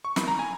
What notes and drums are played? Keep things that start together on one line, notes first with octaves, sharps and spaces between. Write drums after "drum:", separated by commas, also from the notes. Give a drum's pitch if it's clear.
C#6
B5, drum: snare
A#5
G#5